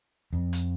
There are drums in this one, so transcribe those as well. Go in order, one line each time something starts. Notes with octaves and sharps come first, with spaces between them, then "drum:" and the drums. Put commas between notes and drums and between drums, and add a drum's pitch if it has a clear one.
F2
drum: hi-hat